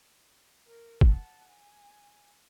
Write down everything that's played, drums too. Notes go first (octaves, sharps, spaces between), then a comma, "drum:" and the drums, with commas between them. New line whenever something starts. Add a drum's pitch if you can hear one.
A#4
F#5 A5, drum: kick
G#5